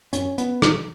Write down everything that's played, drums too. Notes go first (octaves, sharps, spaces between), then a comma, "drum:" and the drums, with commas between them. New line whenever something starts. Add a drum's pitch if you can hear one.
F#2 C#4, drum: hi-hat
B3, drum: hi-hat
drum: rim click